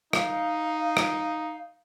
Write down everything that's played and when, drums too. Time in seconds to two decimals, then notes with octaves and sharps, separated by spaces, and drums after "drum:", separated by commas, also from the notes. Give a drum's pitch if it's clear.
0.13 D#4 F5, drum: rim click
0.97 drum: rim click